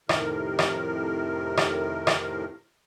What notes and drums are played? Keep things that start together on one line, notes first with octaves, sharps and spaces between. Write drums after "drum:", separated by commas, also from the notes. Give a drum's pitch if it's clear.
F2 A2 C3 D#3 A#4, drum: rim click
drum: rim click
drum: rim click
drum: rim click